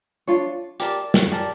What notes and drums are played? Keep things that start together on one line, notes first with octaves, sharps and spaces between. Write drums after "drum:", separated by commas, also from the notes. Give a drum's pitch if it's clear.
D4 F4 C#5
G4 A#4 D5 A5, drum: hi-hat
drum: snare
G4 A#4 D5 A5